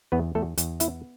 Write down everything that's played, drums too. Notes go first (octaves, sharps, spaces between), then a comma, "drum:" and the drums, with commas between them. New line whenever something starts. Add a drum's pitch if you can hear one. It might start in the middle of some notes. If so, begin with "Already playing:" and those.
E2 B3 B4
E2 A3 A4
E2, drum: hi-hat
B3 E4 E5, drum: hi-hat